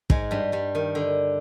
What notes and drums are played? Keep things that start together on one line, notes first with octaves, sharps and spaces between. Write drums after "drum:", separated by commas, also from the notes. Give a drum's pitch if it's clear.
G#2 G#3, drum: kick
G2 G3
G2 G3
D#3
D3